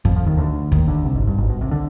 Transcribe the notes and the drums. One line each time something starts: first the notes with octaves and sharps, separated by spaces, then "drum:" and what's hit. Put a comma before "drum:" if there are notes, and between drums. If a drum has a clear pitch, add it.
F2 F3, drum: kick
F2 F3
D#2 D#3
D2 D3
D#2 D#3, drum: kick
D2 D3
C2 C3
G#1 G#2
G2
G#1 G#2
B1 B2
C2 C3
D3